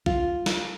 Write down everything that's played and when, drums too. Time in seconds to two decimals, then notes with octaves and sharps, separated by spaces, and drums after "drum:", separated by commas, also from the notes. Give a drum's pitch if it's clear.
0.06 F4, drum: kick
0.46 drum: snare